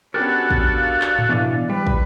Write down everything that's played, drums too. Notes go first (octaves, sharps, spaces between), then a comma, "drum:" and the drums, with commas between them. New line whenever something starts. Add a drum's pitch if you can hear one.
B3 C#4 D4 F#4 G4 A4 A#4
drum: kick
F5
drum: clap
drum: tom G#2
B2 E3 D4
G3 B4
drum: kick